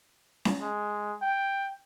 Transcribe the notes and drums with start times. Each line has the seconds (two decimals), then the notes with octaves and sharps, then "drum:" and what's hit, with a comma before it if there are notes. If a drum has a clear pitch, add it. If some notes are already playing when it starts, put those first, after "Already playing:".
0.45 drum: snare C#4
0.61 G#3
1.22 G5